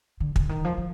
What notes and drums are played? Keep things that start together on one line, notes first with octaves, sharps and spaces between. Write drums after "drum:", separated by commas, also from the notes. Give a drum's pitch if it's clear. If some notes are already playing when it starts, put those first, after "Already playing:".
D3
D3, drum: kick
D#3
F3
F3